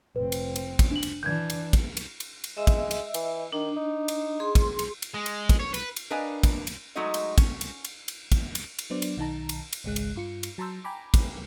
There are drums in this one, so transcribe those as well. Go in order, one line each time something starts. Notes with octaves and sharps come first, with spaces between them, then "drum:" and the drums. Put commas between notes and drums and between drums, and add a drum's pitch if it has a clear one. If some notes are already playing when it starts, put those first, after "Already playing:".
F1 C4 B4
drum: cymbal
drum: cymbal
drum: kick, cymbal
D4 F#7
drum: cymbal
E3 D4 G6 G#6
drum: cymbal
drum: kick, cymbal
drum: cymbal
drum: cymbal
drum: cymbal
G#3 D#5 E5 E6
drum: kick, cymbal
drum: cymbal
E3, drum: cymbal
D#3 D4
D#4
drum: cymbal
G#4 C6
drum: kick, cymbal
drum: cymbal
drum: cymbal
G#3
drum: cymbal
drum: kick, cymbal
C#5
B4, drum: cymbal
drum: cymbal
D4 A#4 B4 D#5 F5 G#5
drum: kick, cymbal
drum: cymbal
F#3 G#3 A3 D#4 F#4 D#5
drum: cymbal
C#4, drum: kick, cymbal
drum: cymbal
drum: cymbal
drum: cymbal
drum: kick, cymbal
drum: cymbal
drum: cymbal
F#3 B3 D4 C5 D5
drum: cymbal
B1 D#3 D#4 A5 A#5
drum: cymbal
drum: cymbal
G#1 C#2 G#3 F#6
drum: cymbal
G2 F4 C#7
drum: cymbal
F#3 A5 A#5 C6 E6 G6
G5 G#5 A#5 B5 D6
drum: kick, cymbal